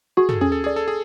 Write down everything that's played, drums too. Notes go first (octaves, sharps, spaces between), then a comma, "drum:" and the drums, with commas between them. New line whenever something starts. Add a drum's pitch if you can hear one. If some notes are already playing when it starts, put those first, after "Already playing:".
F#4 G#4
A4, drum: tom
C#4 G#4
A4
G#4 D5
A4
G#4